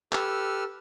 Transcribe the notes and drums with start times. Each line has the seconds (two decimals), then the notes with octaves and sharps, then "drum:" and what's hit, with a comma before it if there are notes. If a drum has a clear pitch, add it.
0.13 G4 A4 B4 E6 F6, drum: clap